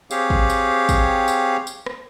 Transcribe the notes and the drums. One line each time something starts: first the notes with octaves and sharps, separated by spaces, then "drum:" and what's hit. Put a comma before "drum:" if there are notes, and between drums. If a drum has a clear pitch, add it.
C4 G4 G#4 C#5 F5, drum: tambourine
drum: kick
drum: tambourine
drum: kick, tambourine
drum: tambourine
drum: tambourine
drum: rim click